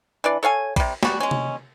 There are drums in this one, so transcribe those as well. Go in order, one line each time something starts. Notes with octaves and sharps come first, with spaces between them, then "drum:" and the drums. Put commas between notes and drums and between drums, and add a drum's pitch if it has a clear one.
E3 D4 D5
A4 C#5 F5 G#5
C3 G3, drum: kick A#1, cymbal
G3 F#4, drum: snare
G#3 C#4
drum: tom C3